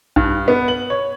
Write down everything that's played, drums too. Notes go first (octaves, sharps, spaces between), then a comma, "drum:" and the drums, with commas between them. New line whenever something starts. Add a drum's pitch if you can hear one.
G2, drum: kick A#1
B3
F#7
C#5